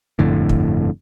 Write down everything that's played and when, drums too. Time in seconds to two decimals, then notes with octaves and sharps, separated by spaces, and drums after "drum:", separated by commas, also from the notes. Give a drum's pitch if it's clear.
0.19 G1 F2 A2 D3
0.49 drum: kick